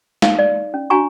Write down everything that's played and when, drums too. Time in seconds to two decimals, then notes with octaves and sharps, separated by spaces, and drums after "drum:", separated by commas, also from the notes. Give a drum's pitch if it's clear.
0.22 D#4 F5, drum: snare
0.39 D5
0.74 C#4
0.90 D4 F#4 G#5 A#5 C#6